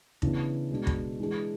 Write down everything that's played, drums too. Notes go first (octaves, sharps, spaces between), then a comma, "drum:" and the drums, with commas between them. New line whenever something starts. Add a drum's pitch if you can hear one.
C#3 E3 B3 D4, drum: kick
B2 G#3 D4
drum: kick
E3 G#3 D4 G#4